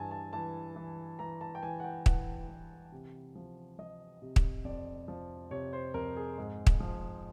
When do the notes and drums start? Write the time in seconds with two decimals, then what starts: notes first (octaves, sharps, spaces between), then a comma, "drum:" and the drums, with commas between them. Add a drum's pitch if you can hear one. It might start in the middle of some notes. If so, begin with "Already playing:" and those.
Already playing: G2 E3 G#5 A5
0.11 A5
0.33 E3 A5
0.76 E3
1.19 E3 A#5
1.41 A5
1.55 G5
1.63 E3 G#5
1.80 F#5
1.84 G5
2.06 E3 F#5, drum: kick
2.48 E3
2.92 C3
3.35 F3
3.79 F3 D#5
4.22 C3
4.36 drum: kick
4.64 F2 D5
5.08 F3
5.51 C3 C#5
5.73 C5
5.94 F2 A#4
6.17 G#4
6.38 G#2
6.67 drum: kick
6.80 F3